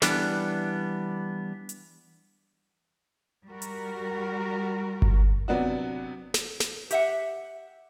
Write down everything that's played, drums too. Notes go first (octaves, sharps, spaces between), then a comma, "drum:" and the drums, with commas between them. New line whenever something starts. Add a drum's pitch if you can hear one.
E3 G3 B3 D4, drum: snare
drum: hi-hat
G3 F#4 A#4
drum: hi-hat
drum: kick G1
C3 F#3 B3 D4 F#4
drum: snare
drum: snare
G4 E5 F#5, drum: hi-hat